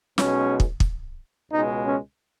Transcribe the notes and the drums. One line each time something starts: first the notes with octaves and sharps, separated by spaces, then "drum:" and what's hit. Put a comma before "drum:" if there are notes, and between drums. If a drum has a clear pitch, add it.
B1 B2 G#3 C#4, drum: snare
drum: kick
drum: kick
C#2 B2 G#3 D#4
C#4